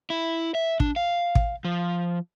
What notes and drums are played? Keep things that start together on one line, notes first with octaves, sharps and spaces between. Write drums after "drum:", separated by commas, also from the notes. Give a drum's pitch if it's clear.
E4
E5
D4, drum: kick
F5
drum: kick
F3